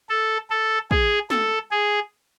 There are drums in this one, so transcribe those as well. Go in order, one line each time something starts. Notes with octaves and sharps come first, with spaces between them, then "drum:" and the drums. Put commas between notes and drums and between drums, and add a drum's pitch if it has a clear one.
A4
A4
G#4, drum: kick
A4, drum: snare
G#4